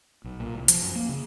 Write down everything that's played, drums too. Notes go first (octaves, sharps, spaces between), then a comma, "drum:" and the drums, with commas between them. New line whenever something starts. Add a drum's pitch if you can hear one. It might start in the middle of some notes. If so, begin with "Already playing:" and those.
B1
A#2
C2
F3, drum: hi-hat
F#2
A#3
C#3